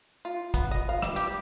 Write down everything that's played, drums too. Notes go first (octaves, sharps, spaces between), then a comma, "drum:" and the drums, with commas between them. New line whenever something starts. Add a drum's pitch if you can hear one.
F4
B3, drum: kick, hi-hat
D#5
F5
G3, drum: rim click
G4, drum: hi-hat